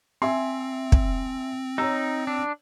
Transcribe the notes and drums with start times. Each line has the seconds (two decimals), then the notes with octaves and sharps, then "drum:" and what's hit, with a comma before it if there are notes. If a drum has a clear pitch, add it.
0.22 C4 E5 G#5 C6
0.92 drum: kick
1.78 D#4 C#5 A#5 E6
2.27 D4